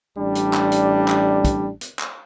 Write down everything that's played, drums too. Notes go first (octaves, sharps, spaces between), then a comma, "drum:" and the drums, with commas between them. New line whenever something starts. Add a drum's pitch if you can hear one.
A1 G3 D4
drum: hi-hat
drum: clap
drum: hi-hat
drum: clap
drum: kick, hi-hat
drum: hi-hat
drum: clap